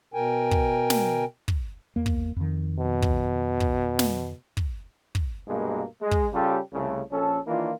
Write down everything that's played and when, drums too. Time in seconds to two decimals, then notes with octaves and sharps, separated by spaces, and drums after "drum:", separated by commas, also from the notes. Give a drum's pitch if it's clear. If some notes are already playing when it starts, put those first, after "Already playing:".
0.14 B2 A#4 G5 G#5
0.51 drum: kick
0.90 drum: snare
1.48 drum: kick
1.96 E2 A#3
2.06 drum: kick
2.36 F2 D#3
2.79 B2
3.02 drum: kick
3.60 drum: kick
3.99 drum: snare
4.57 drum: kick
5.15 drum: kick
5.48 C2 G2 B2 G#3 A#3
6.02 G#3
6.11 drum: kick
6.33 C#3 G3 C#4 F4 G4 A4
6.73 C2 C#3 A3
7.11 A#1 C#4 A4
7.47 D#3 E3 A#3 D4 F4